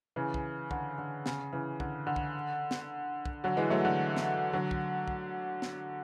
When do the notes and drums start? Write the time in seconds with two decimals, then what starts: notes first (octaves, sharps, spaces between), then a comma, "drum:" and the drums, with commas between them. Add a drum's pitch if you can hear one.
0.16 C#3 E3
0.34 drum: kick
0.71 D3, drum: kick
0.98 D3
1.26 C#3, drum: snare
1.53 C#3 E3
1.80 D3, drum: kick
2.07 D3
2.16 drum: kick
2.71 drum: snare
3.25 drum: kick
3.44 D3 F#3
3.57 E3 G#3
3.70 F#3 A3
3.85 D3
4.17 drum: snare
4.53 D3 F#3
4.71 drum: kick
5.08 drum: kick
5.62 drum: snare